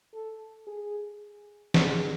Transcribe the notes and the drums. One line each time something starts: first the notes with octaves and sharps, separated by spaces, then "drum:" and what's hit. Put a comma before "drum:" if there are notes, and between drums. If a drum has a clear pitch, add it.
A4
G#4
G#4, drum: snare